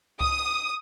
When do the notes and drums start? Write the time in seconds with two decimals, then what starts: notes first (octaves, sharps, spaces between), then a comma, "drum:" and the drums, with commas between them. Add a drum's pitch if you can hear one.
0.21 D#6, drum: kick C#2